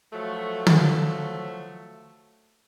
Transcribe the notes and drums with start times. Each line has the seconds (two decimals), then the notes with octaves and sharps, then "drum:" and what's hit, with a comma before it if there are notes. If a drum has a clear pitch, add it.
0.13 F3 F#3 A3
0.67 drum: tom